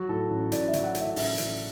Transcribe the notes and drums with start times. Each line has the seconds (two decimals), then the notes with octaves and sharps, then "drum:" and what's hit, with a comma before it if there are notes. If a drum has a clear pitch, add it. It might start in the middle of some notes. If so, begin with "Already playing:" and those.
Already playing: F#3 F#4
0.09 A2 A4
0.30 A1
0.52 A1 D5, drum: hi-hat
0.68 E5
0.73 F#3, drum: hi-hat
0.84 F#5
0.95 A2, drum: hi-hat
1.00 E5
1.16 A1 E5, drum: open hi-hat
1.38 A1, drum: hi-hat